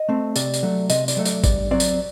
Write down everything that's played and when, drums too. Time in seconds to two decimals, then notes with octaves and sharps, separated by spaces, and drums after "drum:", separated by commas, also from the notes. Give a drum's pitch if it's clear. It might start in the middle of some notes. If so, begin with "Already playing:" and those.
Already playing: D#5
0.09 A3 C4
0.36 C3 D5, drum: tambourine
0.54 drum: tambourine
0.63 F#3 A3
0.90 C3 D#5, drum: tambourine
1.08 D5, drum: tambourine
1.17 F#3 A3
1.25 D5, drum: tambourine
1.44 G2 D5, drum: kick A1, tambourine
1.71 F#3 C4 D5
1.80 drum: tambourine